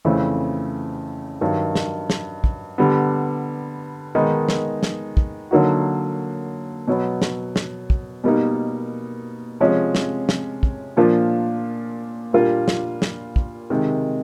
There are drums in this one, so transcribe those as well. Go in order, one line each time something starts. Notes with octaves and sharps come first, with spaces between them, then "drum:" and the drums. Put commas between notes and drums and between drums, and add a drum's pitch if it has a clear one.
F2 C#3 E3 A3 C4
G2 D#3 F#3
drum: snare
drum: snare
drum: kick
D3 G3 B3
D#3 G#3 B3 D#4
drum: snare
drum: snare
drum: kick
D3 F#3 A#3 D#4 F#4
B2 F#3 B3
drum: snare
drum: snare
drum: kick
B2 G3 A#3 D#4
C3 F3 G#3 C#4
drum: snare
drum: snare
drum: kick
A#2 F3 A#3 D4 F4
A#2 G3 A#3 D4 F4
drum: snare
drum: snare
drum: kick
C3 D#3 G#3